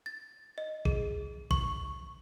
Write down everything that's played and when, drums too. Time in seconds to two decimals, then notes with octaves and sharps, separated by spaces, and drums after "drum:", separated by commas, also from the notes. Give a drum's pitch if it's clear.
0.06 A6
0.58 D#5
0.85 G#4, drum: kick A1
1.51 C#6, drum: kick A1